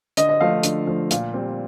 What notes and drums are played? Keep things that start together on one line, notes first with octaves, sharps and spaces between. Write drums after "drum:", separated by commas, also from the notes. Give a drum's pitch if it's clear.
D3 D#5, drum: hi-hat
D#5
F3 A3 F5
D3, drum: hi-hat
F3 A3
A#2 F5, drum: hi-hat
G3 C4